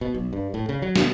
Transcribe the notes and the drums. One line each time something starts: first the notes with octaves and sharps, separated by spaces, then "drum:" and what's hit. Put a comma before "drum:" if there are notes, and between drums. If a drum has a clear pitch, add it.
B2
B1
G2
A2
C#3
F#3
B2, drum: snare